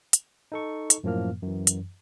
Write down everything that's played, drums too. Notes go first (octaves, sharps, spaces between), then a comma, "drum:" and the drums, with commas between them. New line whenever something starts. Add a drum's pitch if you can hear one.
drum: hi-hat
D#4 A4 C#6
drum: hi-hat
F#2 A2 F3 A#3 F6
F#2 E3
drum: hi-hat